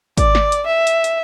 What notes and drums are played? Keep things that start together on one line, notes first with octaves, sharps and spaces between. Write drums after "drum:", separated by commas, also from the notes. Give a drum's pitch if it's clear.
D5, drum: kick, hi-hat
drum: snare
drum: hi-hat
E5
drum: hi-hat
drum: hi-hat